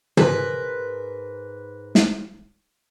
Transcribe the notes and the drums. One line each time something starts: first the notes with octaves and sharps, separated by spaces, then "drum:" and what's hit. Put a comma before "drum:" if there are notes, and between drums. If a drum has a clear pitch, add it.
G#2 A#4 B4, drum: tom
drum: snare